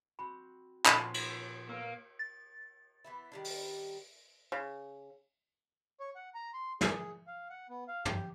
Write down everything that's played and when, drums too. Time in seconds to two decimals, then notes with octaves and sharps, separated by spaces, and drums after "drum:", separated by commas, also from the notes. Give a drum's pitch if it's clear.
0.19 C4 F#4 B5
0.86 A#2 F3 B3 C#4 D#4, drum: clap
1.14 drum: cymbal
1.69 A#3 B4 E6
2.19 A6
3.05 E3 B3 E4
3.32 D#3 G3 D4
3.44 drum: open hi-hat
4.52 C#3
5.99 C#5
6.15 F#5
6.34 A#5
6.54 C6
6.81 G#4, drum: snare
7.27 F5
7.50 F#5
7.70 B3
7.88 F5
8.05 G4, drum: tom